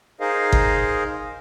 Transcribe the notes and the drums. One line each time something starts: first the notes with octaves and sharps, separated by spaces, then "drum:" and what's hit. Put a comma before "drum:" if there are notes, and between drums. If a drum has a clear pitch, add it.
D#4 G#4 A#4 C5 D#5 F5
drum: kick G1